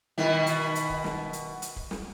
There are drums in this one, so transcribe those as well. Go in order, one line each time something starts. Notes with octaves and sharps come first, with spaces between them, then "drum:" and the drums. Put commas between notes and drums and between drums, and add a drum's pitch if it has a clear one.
B2 D#3 E4, drum: snare
drum: hi-hat
drum: hi-hat
drum: kick
drum: snare
drum: hi-hat
drum: hi-hat
drum: kick
drum: snare